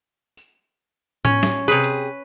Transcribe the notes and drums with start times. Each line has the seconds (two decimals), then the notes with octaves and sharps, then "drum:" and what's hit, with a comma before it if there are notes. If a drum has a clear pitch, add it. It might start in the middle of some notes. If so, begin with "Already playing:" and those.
0.37 drum: tambourine
1.25 C#4, drum: tom A2
1.43 drum: snare
1.68 C3 G#4 B4
1.84 drum: hi-hat